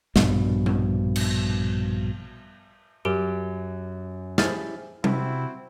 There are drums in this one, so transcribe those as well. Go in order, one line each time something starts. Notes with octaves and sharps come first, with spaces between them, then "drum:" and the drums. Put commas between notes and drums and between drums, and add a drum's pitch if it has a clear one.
A#1 G2 B2, drum: snare
drum: tom G3
drum: cymbal
F#2 G4 A#4 D7
E4 G4 G#4 C5 F6 A6, drum: snare
C3 C4 E4 F#4, drum: tom G3